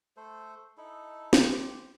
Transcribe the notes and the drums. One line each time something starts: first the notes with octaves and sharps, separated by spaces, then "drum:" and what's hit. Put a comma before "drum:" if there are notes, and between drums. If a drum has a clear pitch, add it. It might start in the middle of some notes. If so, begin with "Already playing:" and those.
A3 A4 C5
D#4 E4 A4
drum: snare
G4 C5